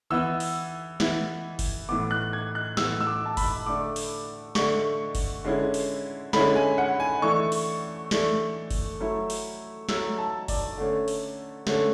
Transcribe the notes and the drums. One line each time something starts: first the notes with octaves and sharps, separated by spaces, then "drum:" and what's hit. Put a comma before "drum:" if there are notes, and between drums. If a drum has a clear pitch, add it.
E3 B3 E4 E6
drum: open hi-hat
E3 B3 E4, drum: snare
drum: kick F#1, open hi-hat
A2 E3 B3 D6
F#6
G#6
F#6
A2 E3 B3 E6, drum: snare
E6
D6
A5
B5, drum: kick F#1, open hi-hat
D3 A3 D4 D6
drum: open hi-hat
D3 A3 D4 C#6, drum: snare
drum: kick F#1, open hi-hat
D3 G#3 C#4 E4
drum: open hi-hat
D3 G#3 C#4 E4 B5, drum: snare
G#5
F#5
G#5
E3 A3 D4 C#6
drum: open hi-hat
E3 A3 D4, drum: snare
drum: kick F#1, open hi-hat
F#3 A3 E4
drum: open hi-hat
F#3 A3 E4 E6, drum: snare
A5
D5, drum: kick F#1, open hi-hat
D3 A3 C#4
drum: open hi-hat
D3 A3 C#4, drum: snare